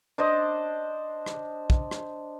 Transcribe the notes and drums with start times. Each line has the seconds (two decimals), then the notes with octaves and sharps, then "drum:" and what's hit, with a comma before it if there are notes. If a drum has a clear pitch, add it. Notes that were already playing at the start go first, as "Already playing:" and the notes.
0.18 D4 C5 D#5
1.26 drum: rim click
1.70 drum: kick
1.91 drum: rim click